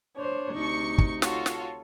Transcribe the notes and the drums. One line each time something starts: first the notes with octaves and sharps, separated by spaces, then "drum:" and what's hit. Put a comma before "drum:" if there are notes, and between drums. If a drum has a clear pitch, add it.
D4 C5 C#5
D2 C3 D#4 C#6 C#7
drum: kick
F4 F#4 A4 C#5, drum: snare
drum: snare